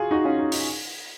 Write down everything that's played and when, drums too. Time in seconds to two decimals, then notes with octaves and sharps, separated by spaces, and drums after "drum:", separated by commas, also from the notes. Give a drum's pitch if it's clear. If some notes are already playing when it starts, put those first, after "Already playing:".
Already playing: F4 F#4 G#4
0.11 D#4 F#4
0.24 C#4 F4
0.39 D#4
0.52 D#4, drum: open hi-hat